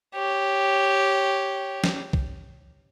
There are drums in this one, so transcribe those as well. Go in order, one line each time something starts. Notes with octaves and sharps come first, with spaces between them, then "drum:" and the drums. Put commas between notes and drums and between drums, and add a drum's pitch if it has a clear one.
G4 C#5
drum: snare
drum: kick